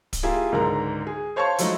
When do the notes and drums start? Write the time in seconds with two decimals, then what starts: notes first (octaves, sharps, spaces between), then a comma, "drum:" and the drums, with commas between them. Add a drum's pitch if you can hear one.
0.13 drum: kick D1, hi-hat
0.23 A#3 E4 F4 G4 G#4
0.52 C#2 G#2 D3 A#4 A#5
1.07 G#4
1.36 C5 C#5 F5 A5 C6 C#6
1.58 F3 F#3 G#3 A3 D#4 E4, drum: hi-hat